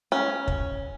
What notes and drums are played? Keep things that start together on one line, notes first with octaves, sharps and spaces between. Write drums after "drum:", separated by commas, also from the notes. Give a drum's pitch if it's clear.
C#4
drum: kick